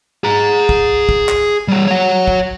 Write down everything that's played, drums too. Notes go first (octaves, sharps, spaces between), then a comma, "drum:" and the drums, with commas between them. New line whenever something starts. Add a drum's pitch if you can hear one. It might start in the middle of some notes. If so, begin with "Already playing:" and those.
G#4 A#5
drum: kick
drum: kick
drum: clap
G3 C#5
C#5 F#5
drum: kick